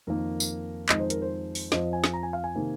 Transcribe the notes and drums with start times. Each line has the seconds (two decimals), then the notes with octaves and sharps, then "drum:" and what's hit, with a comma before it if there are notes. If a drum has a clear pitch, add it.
0.07 F2 D#3 A#3 D#4 A#4
0.40 drum: tambourine
0.89 F2 D#3 G#3 D#4 D#5, drum: clap
1.00 C5
1.10 A#4, drum: hi-hat
1.22 C5
1.55 drum: open hi-hat
1.72 F2 F3 C4 D#5, drum: snare
1.93 G#5
2.04 drum: snare
2.13 A#5
2.23 G#5
2.33 F5
2.44 G#5
2.55 C3 D#3 A#3 D#4